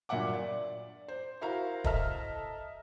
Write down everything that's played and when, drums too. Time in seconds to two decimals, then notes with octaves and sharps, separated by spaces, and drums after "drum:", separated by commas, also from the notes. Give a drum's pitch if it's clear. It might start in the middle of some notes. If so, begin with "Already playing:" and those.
0.09 G2 A#2 F#3 E5 F#5 D6
0.34 D5
1.08 C5
1.41 E4 F#4 A#4 C5 F5 A#5
1.84 A4 D#5 E5 A5 A#5 F6, drum: kick